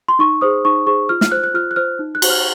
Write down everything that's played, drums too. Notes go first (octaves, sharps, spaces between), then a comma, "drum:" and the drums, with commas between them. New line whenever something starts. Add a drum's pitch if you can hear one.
C6
D#4 C#6
G#4 C5 D#6
D#4 C#6
G#4 C5 C#6
F4 F6
F6, drum: snare
C5 F#6
F#6
F4 F6
F#6
C5 F6
D#4
F#6
F#4 C5, drum: cymbal
F6